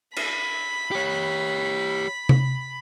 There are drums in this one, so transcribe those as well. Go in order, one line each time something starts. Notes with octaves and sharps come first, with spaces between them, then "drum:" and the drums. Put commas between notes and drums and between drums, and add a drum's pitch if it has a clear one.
B5, drum: cymbal
G4 C#5
drum: tom C3